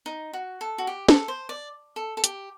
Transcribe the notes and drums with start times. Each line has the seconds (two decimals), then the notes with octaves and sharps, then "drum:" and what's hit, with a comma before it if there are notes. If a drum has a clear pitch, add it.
0.06 D#4
0.33 F#4
0.61 A4
0.78 F#4
0.87 G4
1.08 A4, drum: snare
1.28 C5
1.49 D5
1.96 A4
2.17 A4
2.24 G4, drum: hi-hat